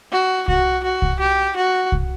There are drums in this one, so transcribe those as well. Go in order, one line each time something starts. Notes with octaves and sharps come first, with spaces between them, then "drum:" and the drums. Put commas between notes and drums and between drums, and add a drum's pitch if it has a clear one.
F#4
F#4, drum: kick C2
F#4
drum: kick C2
G4
F#4
drum: kick C2